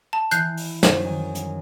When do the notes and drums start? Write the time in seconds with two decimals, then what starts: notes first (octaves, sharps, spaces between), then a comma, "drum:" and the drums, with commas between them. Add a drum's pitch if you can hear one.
0.13 A5
0.31 E3 F#6 G6 C7, drum: hi-hat
0.57 drum: open hi-hat
0.83 F#2 G3 C5, drum: snare
1.04 D#3 G#5
1.35 drum: hi-hat